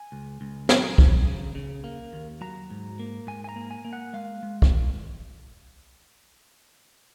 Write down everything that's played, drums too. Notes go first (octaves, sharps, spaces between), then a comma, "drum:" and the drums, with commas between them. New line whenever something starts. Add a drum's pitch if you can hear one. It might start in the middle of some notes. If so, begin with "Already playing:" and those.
Already playing: G#5
C#2
C#2
F#3 A#5, drum: snare
F#3, drum: kick
C#3
C#3
A#3
D#2
F#3 A#5
G#2
A#3
G#2 G#5
G#5
A#5
A#3
G#5
A#3
F#5
G#3 F5
G#3
drum: kick